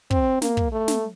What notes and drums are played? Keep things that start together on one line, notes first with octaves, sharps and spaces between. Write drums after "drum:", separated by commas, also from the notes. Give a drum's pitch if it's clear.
C4, drum: kick
A#3, drum: snare
drum: kick
A3
drum: snare